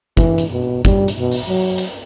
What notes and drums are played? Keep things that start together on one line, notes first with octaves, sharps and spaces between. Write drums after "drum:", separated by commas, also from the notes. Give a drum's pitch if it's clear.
E3, drum: kick, hi-hat
drum: hi-hat
B2
G3, drum: kick, hi-hat
drum: hi-hat
B2
drum: open hi-hat
F#3
drum: hi-hat